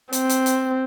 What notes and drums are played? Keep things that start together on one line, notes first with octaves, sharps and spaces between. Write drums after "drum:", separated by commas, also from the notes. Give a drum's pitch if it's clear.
C4, drum: hi-hat
drum: hi-hat
drum: hi-hat